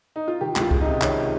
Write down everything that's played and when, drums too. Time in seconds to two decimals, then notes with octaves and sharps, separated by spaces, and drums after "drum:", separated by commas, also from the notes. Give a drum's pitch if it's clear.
0.16 D#4
0.28 F4
0.41 D#3 G4
0.56 C#2, drum: clap
0.61 F4
0.71 G#3, drum: kick C2
0.81 D#4
0.87 C3
1.01 D#3 C#4, drum: clap